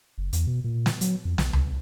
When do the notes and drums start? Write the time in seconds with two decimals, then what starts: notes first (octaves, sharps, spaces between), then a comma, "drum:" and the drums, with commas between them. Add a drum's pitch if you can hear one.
0.18 F#1
0.33 E2, drum: hi-hat
0.47 B2
0.64 A#2
0.86 drum: snare
1.01 F#3, drum: hi-hat
1.25 F2
1.38 B1, drum: snare
1.53 C2, drum: tom C#2